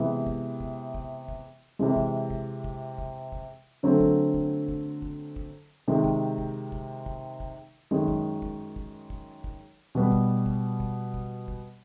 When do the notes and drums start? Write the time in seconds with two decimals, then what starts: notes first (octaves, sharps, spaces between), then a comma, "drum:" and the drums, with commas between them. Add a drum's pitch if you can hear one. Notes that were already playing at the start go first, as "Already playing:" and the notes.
Already playing: C3 E3 G#3 B3
0.27 drum: kick
0.61 drum: kick
0.95 drum: kick
1.28 drum: kick
1.79 C3 E3 G#3
1.96 drum: kick
2.30 drum: kick
2.64 drum: kick
2.98 drum: kick
3.32 drum: kick
3.83 D3 F#3 A3 C4
4.00 drum: kick
4.34 drum: kick
4.68 drum: kick
5.02 drum: kick
5.36 drum: kick
5.88 C3 D#3 G#3
6.04 drum: kick
6.38 drum: kick
6.72 drum: kick
7.06 drum: kick
7.40 drum: kick
7.91 F#2 D#3 G#3
8.08 drum: kick
8.42 drum: kick
8.76 drum: kick
9.10 drum: kick
9.44 drum: kick
9.95 B2 G3 B3
10.12 drum: kick
10.46 drum: kick
10.80 drum: kick
11.14 drum: kick
11.48 drum: kick